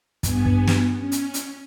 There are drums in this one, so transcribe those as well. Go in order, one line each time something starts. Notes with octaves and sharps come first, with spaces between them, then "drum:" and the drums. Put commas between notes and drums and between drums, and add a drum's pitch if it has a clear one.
G2 B3 G#5, drum: kick, hi-hat
drum: kick
drum: snare
C#4
drum: hi-hat
drum: hi-hat